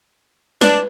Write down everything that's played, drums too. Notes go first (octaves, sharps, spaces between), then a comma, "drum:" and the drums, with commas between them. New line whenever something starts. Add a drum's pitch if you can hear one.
D4 B4, drum: snare